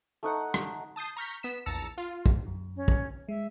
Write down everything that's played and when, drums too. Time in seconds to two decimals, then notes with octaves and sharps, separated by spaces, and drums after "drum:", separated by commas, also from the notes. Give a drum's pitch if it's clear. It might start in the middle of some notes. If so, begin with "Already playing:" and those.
0.23 A3 D#4 F#5
0.54 drum: rim click
0.96 A5 D#6 G6 C7
1.16 A#5 C#6 F6 G6 B6
1.43 B3 B6 E7
1.66 A#1 E2 A5 A#5 E6 C#7
1.98 F4
2.26 drum: kick
2.46 F#2
2.76 C#4
2.88 drum: kick
3.29 G#3 E5